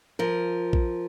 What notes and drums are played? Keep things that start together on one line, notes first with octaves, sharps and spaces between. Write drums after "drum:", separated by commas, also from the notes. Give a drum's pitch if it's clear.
F3 A#4
drum: kick